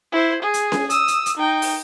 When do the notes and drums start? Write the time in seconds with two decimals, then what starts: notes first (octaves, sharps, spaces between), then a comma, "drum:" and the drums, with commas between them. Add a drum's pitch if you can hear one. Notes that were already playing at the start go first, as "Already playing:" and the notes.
0.12 E4 C5
0.42 G#4
0.54 drum: hi-hat
0.72 drum: snare C#4
0.90 D#6 E6, drum: hi-hat
1.08 drum: hi-hat
1.26 drum: hi-hat
1.37 D#4 G5
1.62 drum: open hi-hat